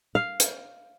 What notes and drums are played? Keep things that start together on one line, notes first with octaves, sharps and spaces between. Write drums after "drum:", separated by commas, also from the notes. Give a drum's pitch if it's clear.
F5
drum: hi-hat